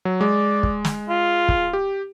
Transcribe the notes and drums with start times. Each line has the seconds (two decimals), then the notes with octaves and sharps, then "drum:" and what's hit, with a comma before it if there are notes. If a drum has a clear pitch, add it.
0.05 F#3
0.21 G#3 D5
0.63 drum: kick
0.85 drum: snare
1.09 F4
1.49 drum: kick
1.73 G4